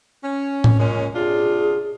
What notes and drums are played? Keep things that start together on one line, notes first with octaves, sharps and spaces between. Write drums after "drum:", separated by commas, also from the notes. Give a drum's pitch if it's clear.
C#4
drum: tom A2
A#2 G#3 C#4
C3 D4 F4 G#4